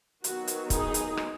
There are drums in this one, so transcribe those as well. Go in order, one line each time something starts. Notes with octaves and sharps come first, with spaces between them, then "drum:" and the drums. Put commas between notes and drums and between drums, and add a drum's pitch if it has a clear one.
D#3 F#3 B3 F#4, drum: hi-hat
drum: hi-hat
D#4 G#4, drum: kick, hi-hat
drum: hi-hat
drum: rim click